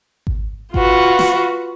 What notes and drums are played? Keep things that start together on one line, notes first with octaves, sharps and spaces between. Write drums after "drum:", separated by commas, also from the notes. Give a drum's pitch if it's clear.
drum: kick G#1
F4 F#4 B4, drum: kick G#1
drum: snare